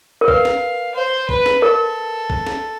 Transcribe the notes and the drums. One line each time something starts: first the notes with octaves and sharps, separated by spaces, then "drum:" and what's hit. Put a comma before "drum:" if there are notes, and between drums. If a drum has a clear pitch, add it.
A#4
B4 F5, drum: kick C2
drum: snare
C5
B4, drum: kick C2
drum: snare
A4 A#4
drum: kick C2
drum: snare